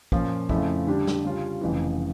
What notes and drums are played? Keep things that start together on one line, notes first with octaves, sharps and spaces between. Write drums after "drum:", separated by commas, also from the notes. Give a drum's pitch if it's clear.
A#2 F3 A#3 C#4 F4, drum: kick
F2 C#3 F3 A3 E4, drum: kick
D3 G3 D4 G4
drum: snare
C#3 G3 C#4 F4
F1 F2 C#3 E3